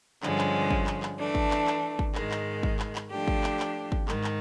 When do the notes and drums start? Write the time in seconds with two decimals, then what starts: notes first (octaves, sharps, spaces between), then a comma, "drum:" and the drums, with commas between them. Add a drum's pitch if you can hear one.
0.23 G2 D3 F3 G#3 C#4, drum: clap
0.38 drum: clap
0.70 drum: kick
0.87 drum: clap
1.03 drum: clap
1.18 E3 A3 D4
1.35 drum: kick
1.51 drum: clap
1.67 drum: clap
1.99 drum: kick
2.15 G#2 D#3 G#3, drum: clap
2.31 drum: clap
2.63 drum: kick
2.79 drum: clap
2.95 drum: clap
3.12 F3 A3 D4 G4
3.28 drum: kick
3.44 drum: clap
3.60 drum: clap
3.92 drum: kick
4.08 G#2 D#3, drum: clap
4.24 drum: clap